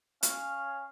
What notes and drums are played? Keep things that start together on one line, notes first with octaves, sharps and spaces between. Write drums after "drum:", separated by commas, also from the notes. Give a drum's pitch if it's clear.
C#4 F5, drum: hi-hat